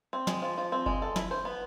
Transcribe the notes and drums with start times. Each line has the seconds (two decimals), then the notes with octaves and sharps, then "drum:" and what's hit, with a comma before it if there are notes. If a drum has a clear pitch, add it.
0.13 C4
0.27 G#3, drum: snare
0.42 F3
0.58 F3
0.72 C4
0.86 G#3, drum: kick F#1
1.02 A4
1.16 E4, drum: snare
1.31 C5
1.45 B3